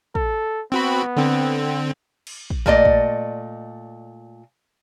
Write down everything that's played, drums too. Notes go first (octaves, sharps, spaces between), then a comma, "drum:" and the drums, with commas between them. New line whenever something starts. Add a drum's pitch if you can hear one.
A4, drum: kick
B3 C4 F#4 B5
D3 C4
drum: cymbal
drum: kick
A#2 A3 D5 D#5, drum: kick
drum: kick